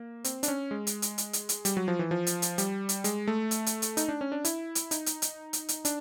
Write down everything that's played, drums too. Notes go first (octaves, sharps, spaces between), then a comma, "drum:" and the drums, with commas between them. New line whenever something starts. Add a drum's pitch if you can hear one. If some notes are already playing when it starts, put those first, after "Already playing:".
Already playing: A#3
C4, drum: hi-hat
D4, drum: hi-hat
C#4
G#3
drum: hi-hat
drum: hi-hat
drum: hi-hat
drum: hi-hat
drum: hi-hat
G3, drum: hi-hat
F#3
F3
E3
F3
drum: hi-hat
drum: hi-hat
G3, drum: hi-hat
drum: hi-hat
G#3, drum: hi-hat
A3
drum: hi-hat
drum: hi-hat
drum: hi-hat
D#4, drum: hi-hat
D4
C#4
D4
E4, drum: hi-hat
drum: hi-hat
D#4, drum: hi-hat
drum: hi-hat
drum: hi-hat
drum: hi-hat
drum: hi-hat
D4, drum: hi-hat